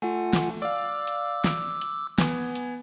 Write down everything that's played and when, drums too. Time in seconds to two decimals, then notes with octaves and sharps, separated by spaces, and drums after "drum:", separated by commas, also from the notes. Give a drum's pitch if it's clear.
0.02 A3 F4 F#5 G#5
0.33 drum: snare
0.62 D5 F5 D6 E6
1.07 drum: hi-hat
1.44 drum: snare
1.81 drum: hi-hat
2.18 B3 G#5, drum: snare
2.55 drum: hi-hat